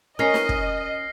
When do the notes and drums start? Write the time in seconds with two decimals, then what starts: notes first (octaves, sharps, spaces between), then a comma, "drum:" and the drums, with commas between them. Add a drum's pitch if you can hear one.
0.19 C#4 A#4 D#5 F6 A#6 C7
0.34 drum: snare
0.49 drum: kick